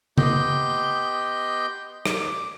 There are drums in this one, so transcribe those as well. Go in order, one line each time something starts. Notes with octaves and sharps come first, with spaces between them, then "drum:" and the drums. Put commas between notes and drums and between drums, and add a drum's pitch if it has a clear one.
B3 G4 D#5 G5 C6 G6, drum: tom C#3
D6, drum: rim click